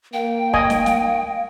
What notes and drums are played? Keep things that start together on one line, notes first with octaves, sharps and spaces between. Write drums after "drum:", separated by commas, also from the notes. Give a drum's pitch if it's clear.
A#3 F5 G5
D#5 G#5, drum: kick
drum: snare
drum: snare